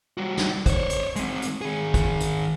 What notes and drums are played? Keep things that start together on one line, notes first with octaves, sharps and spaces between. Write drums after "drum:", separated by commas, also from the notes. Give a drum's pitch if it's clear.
G3 F#4
drum: snare
C5 C#5, drum: kick, hi-hat
drum: hi-hat
G#3 C4, drum: hi-hat
drum: hi-hat
D#3 G#4
drum: kick, hi-hat
drum: hi-hat